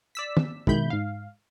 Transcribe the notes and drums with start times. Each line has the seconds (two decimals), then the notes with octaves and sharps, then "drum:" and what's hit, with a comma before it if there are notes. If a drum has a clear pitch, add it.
0.15 D5 E6 B6
0.37 drum: tom
0.67 B2 D#3 G#3 E4 B5 G6, drum: kick
0.90 G#2 F5